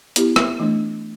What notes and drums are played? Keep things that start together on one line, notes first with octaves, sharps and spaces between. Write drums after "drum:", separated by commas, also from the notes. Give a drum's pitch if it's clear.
B3 E4 G4, drum: hi-hat
drum: rim click
E3 A3 D4